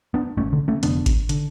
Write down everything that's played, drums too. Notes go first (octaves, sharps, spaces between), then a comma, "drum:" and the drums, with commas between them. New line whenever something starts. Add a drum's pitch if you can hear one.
B3 D4
G#1 G#2 A3 C#4
D3
A3 C#4
F1 F2 D3 B3 D4, drum: hi-hat
drum: kick G#1, hi-hat
D3, drum: hi-hat